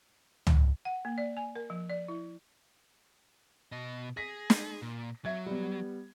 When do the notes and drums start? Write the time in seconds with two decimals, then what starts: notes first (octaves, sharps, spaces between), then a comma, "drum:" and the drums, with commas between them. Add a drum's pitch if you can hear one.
0.47 drum: tom C#2
0.85 F#5
1.05 A#3
1.18 D5
1.37 G#5
1.55 A#4
1.70 F3
1.90 D5
2.08 E4
3.72 B2 D#5
4.17 G#4 A#6 B6
4.50 drum: snare
4.82 A#2
5.25 F#3 E5 G#6
5.46 G3 B3